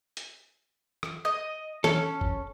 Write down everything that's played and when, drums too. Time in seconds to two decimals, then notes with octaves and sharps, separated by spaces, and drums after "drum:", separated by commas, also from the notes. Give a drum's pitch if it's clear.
0.17 drum: hi-hat
1.03 drum: rim click
1.25 D#5
1.84 C#4 A4, drum: snare
2.21 drum: kick